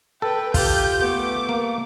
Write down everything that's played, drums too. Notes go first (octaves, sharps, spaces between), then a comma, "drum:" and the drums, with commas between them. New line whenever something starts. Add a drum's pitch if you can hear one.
A4 B4 G5
F4 G4 G6, drum: kick, open hi-hat
A3 B3 D6
A#3